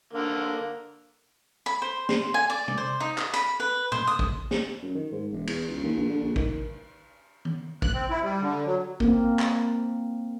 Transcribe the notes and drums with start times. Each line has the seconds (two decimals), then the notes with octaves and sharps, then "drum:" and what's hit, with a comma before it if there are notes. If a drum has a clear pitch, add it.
0.13 D3 A#3
1.66 B5
1.82 C5
2.09 C6, drum: snare
2.34 G#5
2.50 D5
2.68 drum: tom
2.78 C5
3.00 D#4
3.18 D#5, drum: clap
3.34 B5, drum: hi-hat
3.60 B4
3.92 C5, drum: tom A2
4.07 D#6
4.19 drum: kick
4.51 drum: snare
4.83 F#2
4.95 D#3
5.12 G#2
5.32 E1
5.47 E2, drum: cymbal
5.69 C#2
5.84 D#2
5.96 A#1
6.09 D3
6.22 A#1
6.36 D#3, drum: kick
7.45 drum: tom D#3
7.82 F#6, drum: kick
7.94 C4
8.10 E4
8.23 G3
8.41 D3
8.66 F#3
9.00 A#3 C4, drum: kick
9.39 drum: clap